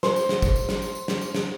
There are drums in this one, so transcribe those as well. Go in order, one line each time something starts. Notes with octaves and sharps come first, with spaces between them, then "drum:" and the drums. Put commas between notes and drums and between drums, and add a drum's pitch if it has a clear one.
C5, drum: snare
drum: tambourine
drum: snare
drum: kick, tambourine
drum: tambourine
drum: snare
drum: tambourine
drum: tambourine
drum: snare
drum: tambourine
drum: snare